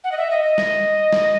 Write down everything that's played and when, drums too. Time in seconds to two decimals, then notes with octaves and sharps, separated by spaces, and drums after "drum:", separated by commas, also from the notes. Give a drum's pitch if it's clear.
0.03 F#5
0.11 D#5
0.17 E5
0.30 D#5
0.44 D#5
0.58 drum: snare
1.13 drum: snare